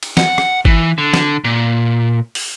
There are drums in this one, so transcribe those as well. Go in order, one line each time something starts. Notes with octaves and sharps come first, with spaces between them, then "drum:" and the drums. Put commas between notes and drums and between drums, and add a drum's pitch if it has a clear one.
drum: cymbal
F#5, drum: snare
drum: rim click
E3, drum: kick G1
D3
drum: snare
A#2
drum: open hi-hat